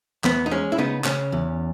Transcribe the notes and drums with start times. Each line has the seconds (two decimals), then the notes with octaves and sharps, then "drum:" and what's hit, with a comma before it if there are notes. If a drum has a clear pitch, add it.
0.24 E2 B3, drum: clap
0.46 D#4
0.51 G#3 C#4
0.72 E4
0.78 C#3 B3 D#4
1.04 C#3 C#4, drum: clap
1.32 E2